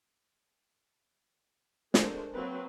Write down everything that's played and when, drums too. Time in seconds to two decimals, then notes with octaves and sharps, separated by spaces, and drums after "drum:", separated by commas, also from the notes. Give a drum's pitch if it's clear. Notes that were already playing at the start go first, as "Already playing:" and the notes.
1.94 G#3 A3 D4 A#4 C5, drum: snare
2.33 F#3 A#3 C4 B4 C5